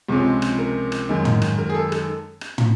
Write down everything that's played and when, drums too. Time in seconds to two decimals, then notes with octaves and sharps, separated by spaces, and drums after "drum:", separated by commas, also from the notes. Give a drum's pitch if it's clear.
0.08 C#2 C3 F3 G#3 C#4
0.42 drum: rim click
0.58 A#4
0.92 drum: rim click
1.09 F#2 D#3 G#3
1.25 drum: tom
1.42 drum: rim click
1.59 A#4
1.69 G#4
1.74 A4
1.92 A4, drum: rim click
2.41 drum: rim click
2.58 drum: tom